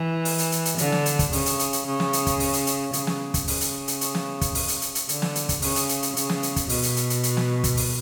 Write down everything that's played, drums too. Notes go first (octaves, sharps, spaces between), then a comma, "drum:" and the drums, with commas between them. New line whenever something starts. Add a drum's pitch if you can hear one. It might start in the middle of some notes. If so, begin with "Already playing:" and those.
Already playing: E3
drum: open hi-hat
drum: hi-hat
drum: hi-hat
drum: hi-hat
D3, drum: hi-hat
drum: snare
drum: hi-hat
drum: kick, hi-hat
C#3, drum: open hi-hat
drum: hi-hat
drum: hi-hat
drum: hi-hat
C#3
drum: snare
drum: hi-hat
drum: kick, hi-hat
drum: open hi-hat
drum: hi-hat
drum: hi-hat
C#3, drum: hi-hat
drum: snare
drum: kick, hi-hat
C#3, drum: open hi-hat
drum: hi-hat
drum: hi-hat
drum: hi-hat
drum: snare
drum: kick, hi-hat
drum: open hi-hat
drum: hi-hat
drum: hi-hat
drum: hi-hat
D3, drum: hi-hat
drum: snare
drum: hi-hat
drum: kick, hi-hat
C#3, drum: open hi-hat
drum: hi-hat
drum: hi-hat
drum: hi-hat
C#3, drum: hi-hat
drum: snare
drum: hi-hat
drum: kick, hi-hat
B2, drum: open hi-hat
drum: hi-hat
drum: hi-hat
drum: hi-hat
drum: hi-hat
drum: snare
drum: kick, hi-hat
drum: open hi-hat